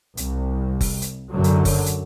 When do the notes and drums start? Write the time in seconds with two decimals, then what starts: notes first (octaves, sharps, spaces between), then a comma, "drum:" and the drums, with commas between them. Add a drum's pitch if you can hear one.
0.17 C2, drum: hi-hat
0.81 drum: kick F#1, open hi-hat
1.02 drum: hi-hat
1.30 F#2 D3 F#3
1.44 drum: hi-hat
1.65 drum: kick F#1, open hi-hat
1.86 drum: hi-hat